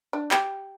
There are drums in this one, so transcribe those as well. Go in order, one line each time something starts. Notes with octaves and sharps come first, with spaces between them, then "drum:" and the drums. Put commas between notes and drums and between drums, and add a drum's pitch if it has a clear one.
D4
G4, drum: clap